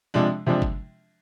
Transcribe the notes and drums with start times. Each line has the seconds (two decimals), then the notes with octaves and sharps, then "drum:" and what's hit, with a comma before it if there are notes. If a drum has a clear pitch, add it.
0.14 C3 F3 G#3 D4
0.47 C3 F3 G#3 D4
0.62 drum: kick G1